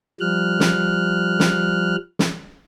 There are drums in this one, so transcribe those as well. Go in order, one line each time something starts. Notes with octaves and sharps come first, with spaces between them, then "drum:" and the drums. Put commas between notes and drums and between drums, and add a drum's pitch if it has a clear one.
F3 G3 F6 F#6
drum: snare
drum: snare
drum: snare